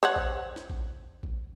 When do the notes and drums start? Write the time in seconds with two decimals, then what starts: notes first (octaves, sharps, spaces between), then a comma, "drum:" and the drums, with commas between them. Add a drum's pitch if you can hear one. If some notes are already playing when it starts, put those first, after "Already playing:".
0.03 C5 C#5 F#5
0.16 drum: kick A1
0.56 drum: snare
0.70 drum: kick A1
1.23 drum: kick A1